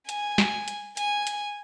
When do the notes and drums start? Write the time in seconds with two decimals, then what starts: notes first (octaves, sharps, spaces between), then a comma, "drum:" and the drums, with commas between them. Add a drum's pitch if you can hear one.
0.09 G#5, drum: hi-hat
0.38 drum: snare
0.68 drum: hi-hat
0.97 G#5, drum: hi-hat
1.27 drum: hi-hat